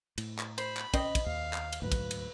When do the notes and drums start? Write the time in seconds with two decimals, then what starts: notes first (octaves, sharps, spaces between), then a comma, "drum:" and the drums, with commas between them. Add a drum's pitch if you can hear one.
0.18 A2, drum: cymbal
0.39 drum: clap
0.58 C5 B5, drum: cymbal
0.77 drum: clap
0.94 C4 C#4 D#5, drum: kick, cymbal
1.15 drum: kick, cymbal
1.26 D#2 F5
1.53 drum: clap
1.72 drum: cymbal
1.82 D2 G#2 F#3 B4
1.92 drum: kick, cymbal
2.11 drum: cymbal